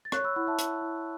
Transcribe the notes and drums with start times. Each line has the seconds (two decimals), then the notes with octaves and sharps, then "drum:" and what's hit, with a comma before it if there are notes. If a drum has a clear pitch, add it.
0.05 A6
0.12 C#5 C#6 F#6, drum: rim click
0.24 B5 E6
0.36 E4 F#5 B5
0.47 E5 A5
0.58 E4, drum: hi-hat
0.82 E4